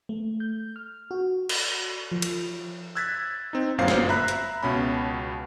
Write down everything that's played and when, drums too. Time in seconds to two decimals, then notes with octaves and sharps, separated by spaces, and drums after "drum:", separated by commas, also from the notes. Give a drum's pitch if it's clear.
0.09 A3
0.40 G6
0.76 F6
1.11 F#4
1.49 drum: cymbal
2.12 F3
2.22 drum: cymbal
2.95 E6 F#6 G#6 A6 B6
3.53 C4 D#4
3.78 G1 F#2 A#2 C5 F5 C7
3.88 drum: snare
4.09 E5 A#5 B5 F#6
4.28 drum: hi-hat
4.63 C#2 B2 C#4 B5